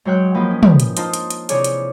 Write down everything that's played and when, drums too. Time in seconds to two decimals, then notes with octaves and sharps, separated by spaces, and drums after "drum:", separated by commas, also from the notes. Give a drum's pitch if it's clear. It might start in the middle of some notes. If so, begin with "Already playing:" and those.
0.05 G#2 F#3 C#5 G5 F#6
0.34 F3 A#3 B4 D#5 G5
0.51 C#4
0.63 drum: tom
0.80 drum: hi-hat
0.97 D#4 F4 C5 A5, drum: hi-hat
1.14 drum: hi-hat
1.31 drum: hi-hat
1.49 C3 E3 G#4 C#5 D5, drum: hi-hat
1.64 drum: hi-hat